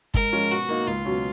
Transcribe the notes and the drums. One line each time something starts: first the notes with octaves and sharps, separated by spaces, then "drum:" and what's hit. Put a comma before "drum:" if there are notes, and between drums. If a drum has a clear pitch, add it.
G#2 A#4, drum: kick G1
F3 G#3 C#4 F4
B2 F#4
A#3 D#4
C#2 F4
B2 F#3 C#4